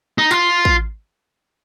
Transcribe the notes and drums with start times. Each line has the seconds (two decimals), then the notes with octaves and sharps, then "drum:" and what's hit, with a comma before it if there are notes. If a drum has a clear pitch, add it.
0.18 D#4
0.31 F4, drum: hi-hat
0.65 drum: kick